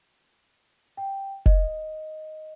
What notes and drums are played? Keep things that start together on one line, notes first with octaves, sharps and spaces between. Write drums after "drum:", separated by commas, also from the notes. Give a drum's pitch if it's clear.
G5
D#5, drum: kick F1